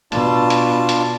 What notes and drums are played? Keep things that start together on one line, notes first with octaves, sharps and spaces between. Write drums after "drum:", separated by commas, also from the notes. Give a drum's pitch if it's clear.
B2 D4 F4 A5, drum: hi-hat
drum: hi-hat
drum: hi-hat